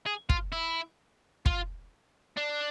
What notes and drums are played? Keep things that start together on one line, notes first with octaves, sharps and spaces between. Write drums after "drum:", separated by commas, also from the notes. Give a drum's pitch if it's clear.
G#4
F4, drum: kick
E4
F4, drum: kick
D4